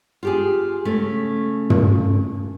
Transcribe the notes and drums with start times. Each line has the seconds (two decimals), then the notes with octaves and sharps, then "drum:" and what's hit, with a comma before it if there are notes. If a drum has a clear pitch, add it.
0.23 F4 G4 G#4
0.85 C#3 A3
1.70 drum: tom